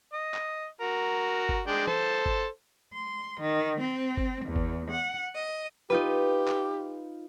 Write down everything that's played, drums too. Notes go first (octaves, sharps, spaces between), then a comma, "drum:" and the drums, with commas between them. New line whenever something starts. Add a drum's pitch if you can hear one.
D#5
drum: clap
F#4 A#4
drum: kick G1
G#3 D4 G5
A4 C5 A5, drum: tom
drum: kick G1
C6
D#3
C4
drum: kick G1
E2
drum: kick G1
F#5
D#5
D#4 F4 G4 B4
drum: clap